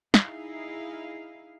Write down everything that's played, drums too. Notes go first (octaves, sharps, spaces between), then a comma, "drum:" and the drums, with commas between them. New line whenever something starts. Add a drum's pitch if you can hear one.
D#4 E4 G#4 F5, drum: snare